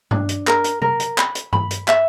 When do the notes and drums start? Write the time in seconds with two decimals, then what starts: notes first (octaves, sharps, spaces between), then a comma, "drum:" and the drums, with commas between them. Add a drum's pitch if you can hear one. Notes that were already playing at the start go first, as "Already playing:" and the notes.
0.11 D4, drum: tom G2
0.29 drum: hi-hat
0.47 A#4, drum: clap
0.64 drum: hi-hat
0.82 A#4, drum: tom C3
1.00 drum: hi-hat
1.18 B5, drum: clap
1.35 drum: hi-hat
1.53 B5, drum: tom G2
1.71 drum: hi-hat
1.88 E5, drum: clap